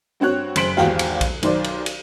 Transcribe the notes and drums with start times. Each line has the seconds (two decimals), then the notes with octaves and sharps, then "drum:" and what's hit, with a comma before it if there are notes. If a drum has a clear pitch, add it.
0.20 G2 C4 F#4 C#5 F#6
0.56 F#1 C5 C6 B6 D7 F#7, drum: cymbal
0.77 G#1 E2 F#4 G4 F5, drum: snare
0.99 drum: cymbal
1.21 drum: kick A#1, cymbal
1.43 B1 D#3 C5 D5, drum: cymbal
1.64 drum: cymbal
1.86 drum: cymbal